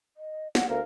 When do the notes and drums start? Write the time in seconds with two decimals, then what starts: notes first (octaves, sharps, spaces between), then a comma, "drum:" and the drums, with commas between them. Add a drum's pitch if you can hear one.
0.17 D#5
0.55 F#5, drum: snare
0.70 D2 A#4 F5